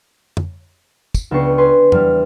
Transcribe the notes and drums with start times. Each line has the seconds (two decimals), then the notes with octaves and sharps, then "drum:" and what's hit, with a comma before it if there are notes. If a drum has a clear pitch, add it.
0.37 drum: tom F2
1.15 drum: kick, tambourine
1.31 C#2 B3 D4 G5 C#6 C7
1.58 B4 G#5 C6
1.92 E2 G3 F6, drum: tom F2